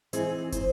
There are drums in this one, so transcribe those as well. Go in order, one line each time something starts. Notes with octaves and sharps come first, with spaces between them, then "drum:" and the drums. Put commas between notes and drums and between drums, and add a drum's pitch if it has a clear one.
E3 C4 D#4 G#4, drum: hi-hat
C5, drum: kick, hi-hat